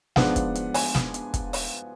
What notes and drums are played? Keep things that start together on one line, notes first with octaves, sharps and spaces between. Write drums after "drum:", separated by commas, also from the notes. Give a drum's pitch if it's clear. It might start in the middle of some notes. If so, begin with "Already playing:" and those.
G#2 F3 B3 D4 F4 F#5, drum: snare
drum: kick, hi-hat
drum: hi-hat
G#5, drum: open hi-hat
drum: snare
drum: hi-hat
drum: kick, hi-hat
drum: open hi-hat